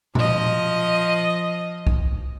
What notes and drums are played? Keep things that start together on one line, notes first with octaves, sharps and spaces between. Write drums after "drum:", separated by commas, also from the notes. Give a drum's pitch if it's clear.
F3 D#5, drum: tom A#2
drum: kick C2